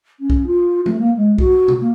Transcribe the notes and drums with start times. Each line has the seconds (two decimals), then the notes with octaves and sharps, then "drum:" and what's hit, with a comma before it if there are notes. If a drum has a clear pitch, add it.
0.20 C#4
0.30 drum: kick
0.46 F4
0.86 A3, drum: tom F3
0.99 A#3
1.17 G#3
1.38 F#4, drum: kick
1.68 drum: tom B2
1.81 A#3